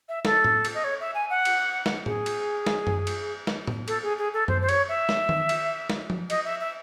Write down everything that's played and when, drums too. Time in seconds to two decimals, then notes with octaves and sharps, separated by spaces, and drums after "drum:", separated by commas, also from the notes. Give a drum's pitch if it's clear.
0.09 E5
0.25 A4, drum: snare
0.44 drum: tom A2
0.65 drum: cymbal
0.75 D#5
0.84 C#5
1.00 E5
1.15 G#5
1.30 F#5
1.45 drum: cymbal
1.86 drum: snare
2.06 G#4, drum: tom A2
2.26 drum: cymbal
2.67 drum: snare
2.87 drum: tom F#2
3.07 drum: cymbal
3.47 drum: snare
3.67 drum: tom A2
3.88 A4, drum: cymbal
4.03 G#4
4.18 G#4
4.33 A4
4.48 C5, drum: tom F#2
4.61 C5
4.69 C#5, drum: cymbal
4.89 E5
5.09 drum: snare
5.29 drum: tom D#3
5.49 drum: cymbal
5.90 drum: snare
6.10 drum: tom F3
6.30 D#5, drum: cymbal
6.45 E5
6.60 E5